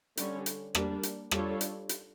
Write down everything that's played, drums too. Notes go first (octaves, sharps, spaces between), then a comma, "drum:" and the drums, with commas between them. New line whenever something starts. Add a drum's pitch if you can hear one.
D3 G3 C#4, drum: hi-hat
drum: hi-hat
G3 A#3 D4, drum: rim click
drum: hi-hat
G3 D4 F4 A4 C#5, drum: rim click
drum: hi-hat
drum: hi-hat